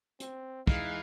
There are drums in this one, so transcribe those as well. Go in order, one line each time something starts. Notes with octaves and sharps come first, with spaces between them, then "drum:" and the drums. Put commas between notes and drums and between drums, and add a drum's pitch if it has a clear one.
C4, drum: hi-hat
E3 G#3 D#4 F5, drum: kick